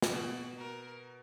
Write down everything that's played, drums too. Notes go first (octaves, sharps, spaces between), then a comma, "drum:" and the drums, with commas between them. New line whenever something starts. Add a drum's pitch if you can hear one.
drum: snare
B2 F#4
A#4